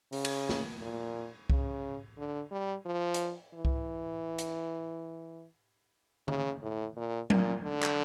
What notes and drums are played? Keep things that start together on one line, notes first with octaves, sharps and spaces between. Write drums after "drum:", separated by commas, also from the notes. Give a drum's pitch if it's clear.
C#3, drum: open hi-hat
drum: cymbal
drum: snare
A#2
C#3, drum: kick C2
D3
G3
F3
drum: hi-hat
E3
drum: kick C2
drum: hi-hat
C#3, drum: tom D3
A2
A#2
A#2, drum: tom F#3
D3
drum: clap